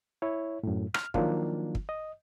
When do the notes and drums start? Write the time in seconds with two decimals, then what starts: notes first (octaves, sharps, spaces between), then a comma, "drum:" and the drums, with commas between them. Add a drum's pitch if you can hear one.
0.22 E4 C#5
0.63 F#2 A2
0.94 F6, drum: rim click
1.14 D#3 F3 F#3 A#3 D4 F4, drum: kick
1.75 drum: kick
1.89 D#5